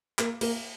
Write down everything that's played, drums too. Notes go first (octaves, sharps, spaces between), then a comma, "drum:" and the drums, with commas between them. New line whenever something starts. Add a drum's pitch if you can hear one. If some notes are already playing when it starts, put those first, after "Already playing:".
A#3, drum: clap
A#3, drum: cymbal